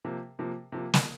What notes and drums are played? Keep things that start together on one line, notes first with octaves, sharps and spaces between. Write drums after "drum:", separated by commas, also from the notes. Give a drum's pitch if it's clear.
C3 F3 A#3
C3 F3 A#3
C3 F3 A#3
drum: snare